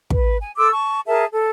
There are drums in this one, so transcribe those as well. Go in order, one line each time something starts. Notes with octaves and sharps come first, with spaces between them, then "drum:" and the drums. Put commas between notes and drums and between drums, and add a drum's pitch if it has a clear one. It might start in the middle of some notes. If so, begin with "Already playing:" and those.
B4, drum: kick
G#5
A4 C6 D6 E6
A5 C#6
G#4 A#4 E5 A5
A4